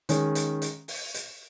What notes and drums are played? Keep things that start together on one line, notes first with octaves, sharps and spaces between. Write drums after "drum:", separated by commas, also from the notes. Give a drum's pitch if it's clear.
D#3 G#3 C#4, drum: hi-hat
drum: hi-hat
drum: hi-hat
drum: open hi-hat
drum: hi-hat